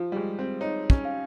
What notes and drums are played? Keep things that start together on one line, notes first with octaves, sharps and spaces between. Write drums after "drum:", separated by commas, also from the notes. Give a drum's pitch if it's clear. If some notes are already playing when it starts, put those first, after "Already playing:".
Already playing: F3 F4
G3
G#3 G#4
C4
D#4 C#5
C#4, drum: kick
F5